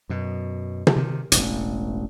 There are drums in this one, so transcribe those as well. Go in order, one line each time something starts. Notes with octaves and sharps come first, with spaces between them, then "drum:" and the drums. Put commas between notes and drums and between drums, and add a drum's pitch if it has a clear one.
F#2 B2
drum: tom
C3 D#3
E1 A1, drum: hi-hat